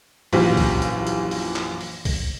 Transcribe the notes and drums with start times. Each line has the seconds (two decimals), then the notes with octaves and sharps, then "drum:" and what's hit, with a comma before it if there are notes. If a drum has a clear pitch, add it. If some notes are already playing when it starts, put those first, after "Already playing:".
0.33 A#1 F#2 E3 F4 G4 B6, drum: open hi-hat
0.57 drum: kick, open hi-hat
0.82 drum: hi-hat
1.07 drum: hi-hat
1.31 drum: open hi-hat
1.56 drum: clap
1.81 drum: open hi-hat
2.05 drum: kick, open hi-hat